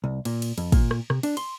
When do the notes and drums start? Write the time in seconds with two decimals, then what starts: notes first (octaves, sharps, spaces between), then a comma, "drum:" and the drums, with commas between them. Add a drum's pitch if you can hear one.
0.04 C2
0.25 A#2, drum: cymbal
0.42 drum: cymbal
0.58 F2, drum: cymbal
0.72 A#2, drum: kick, cymbal
0.91 drum: rim click
1.10 C3, drum: rim click
1.23 D4, drum: cymbal
1.37 C6, drum: cymbal